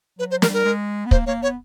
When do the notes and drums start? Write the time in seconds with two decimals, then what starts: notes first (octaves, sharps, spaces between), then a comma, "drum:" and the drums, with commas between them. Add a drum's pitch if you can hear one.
0.18 F#3 B4
0.31 C5
0.42 G3 A#4, drum: snare
0.54 A#4
0.65 G#3
1.06 B3
1.11 A#3 C5, drum: kick
1.26 A#3 C#5
1.42 B3 C#5